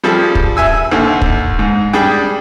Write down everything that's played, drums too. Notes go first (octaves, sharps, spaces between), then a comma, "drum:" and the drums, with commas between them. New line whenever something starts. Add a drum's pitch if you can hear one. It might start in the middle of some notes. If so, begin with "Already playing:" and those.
F3 G3 G#4 A4
drum: kick
E5 G#5 E6
D#2 D3
drum: kick
G#2
G3 D4 G#4 G5